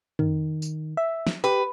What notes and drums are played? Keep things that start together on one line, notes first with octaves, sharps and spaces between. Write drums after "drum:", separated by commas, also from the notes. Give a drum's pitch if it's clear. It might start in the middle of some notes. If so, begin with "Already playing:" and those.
D#3, drum: tom F2
drum: tambourine
E5
drum: snare
G4 B4